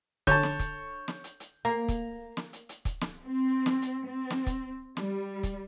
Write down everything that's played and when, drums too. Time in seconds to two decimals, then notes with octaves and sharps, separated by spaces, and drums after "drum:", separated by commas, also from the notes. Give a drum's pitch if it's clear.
0.27 D3 C#5 A5 G6, drum: kick, hi-hat
0.43 drum: snare
0.59 drum: kick, hi-hat
1.08 drum: snare
1.24 drum: hi-hat
1.40 drum: hi-hat
1.65 A#3 A#5
1.88 drum: kick, hi-hat
2.37 drum: snare
2.53 drum: hi-hat
2.69 drum: hi-hat
2.85 drum: kick, hi-hat
3.01 drum: snare
3.24 C4
3.66 drum: snare
3.82 drum: hi-hat
4.05 C4
4.30 drum: snare
4.47 drum: kick, hi-hat
4.97 G3, drum: snare
5.43 drum: kick, hi-hat